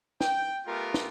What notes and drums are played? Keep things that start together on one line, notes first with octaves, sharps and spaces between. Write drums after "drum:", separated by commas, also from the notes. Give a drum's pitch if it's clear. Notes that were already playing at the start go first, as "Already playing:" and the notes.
G5, drum: snare
A3 B3 F4 G4 A#4
drum: snare